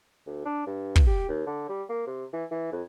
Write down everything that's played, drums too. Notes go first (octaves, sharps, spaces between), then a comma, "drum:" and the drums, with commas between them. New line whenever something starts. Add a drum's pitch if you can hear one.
D2
D4
G2
drum: kick
G4
D#2
D3
G3
A#3
C3
E3
E3
F2